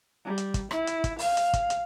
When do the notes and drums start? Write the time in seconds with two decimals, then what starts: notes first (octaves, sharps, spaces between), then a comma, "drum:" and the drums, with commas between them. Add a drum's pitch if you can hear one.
0.25 G3
0.38 drum: hi-hat
0.54 drum: kick, hi-hat
0.71 E4, drum: rim click
0.87 drum: hi-hat
1.04 drum: kick, hi-hat
1.19 F5, drum: open hi-hat
1.37 drum: hi-hat
1.53 drum: kick, hi-hat
1.70 drum: hi-hat